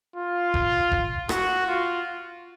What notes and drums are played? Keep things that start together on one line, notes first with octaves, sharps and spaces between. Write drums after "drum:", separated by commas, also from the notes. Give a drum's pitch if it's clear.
F4
drum: kick F1
drum: kick F1
F#4, drum: rim click
F4